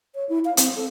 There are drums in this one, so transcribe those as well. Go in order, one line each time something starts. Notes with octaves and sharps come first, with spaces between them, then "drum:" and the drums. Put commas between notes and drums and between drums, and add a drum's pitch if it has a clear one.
C#5
E4
F5
C4, drum: hi-hat
A4